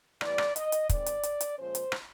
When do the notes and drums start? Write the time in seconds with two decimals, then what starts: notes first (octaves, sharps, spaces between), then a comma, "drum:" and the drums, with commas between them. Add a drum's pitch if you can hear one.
0.21 A2 E3 G3 B3 D5, drum: rim click
0.38 drum: rim click
0.56 D#5, drum: hi-hat
0.72 drum: hi-hat
0.89 D#3 G#3 C4 D#4 D5, drum: kick, hi-hat
1.06 drum: hi-hat
1.23 drum: hi-hat
1.41 drum: hi-hat
1.58 A#2 F3 G#3 C#4 C5
1.75 drum: hi-hat
1.92 drum: rim click